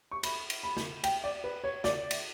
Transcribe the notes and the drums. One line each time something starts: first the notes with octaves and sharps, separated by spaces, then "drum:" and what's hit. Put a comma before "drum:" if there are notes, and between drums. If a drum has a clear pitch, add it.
C#6
B5, drum: cymbal
drum: cymbal
B5
drum: snare
G5, drum: cymbal
D5
B4
C#5
D5, drum: snare
drum: cymbal